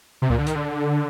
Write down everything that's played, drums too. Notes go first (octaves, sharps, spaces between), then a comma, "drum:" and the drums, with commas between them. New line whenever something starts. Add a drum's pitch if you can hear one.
C3
A#2, drum: kick C#2
D3
D#3, drum: hi-hat
D3